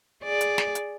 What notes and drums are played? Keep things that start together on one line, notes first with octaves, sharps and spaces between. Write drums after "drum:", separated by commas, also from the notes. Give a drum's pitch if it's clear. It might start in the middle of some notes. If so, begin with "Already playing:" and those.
G#4 D5
drum: hi-hat
drum: snare
drum: hi-hat